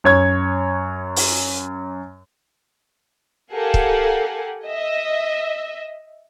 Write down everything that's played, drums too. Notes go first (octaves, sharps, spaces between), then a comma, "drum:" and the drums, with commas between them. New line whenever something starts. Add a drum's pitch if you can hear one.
F#2 C#5 G#6
drum: open hi-hat
G4 A4 A#4 F5 F#5 G#5
drum: kick
D#5 E5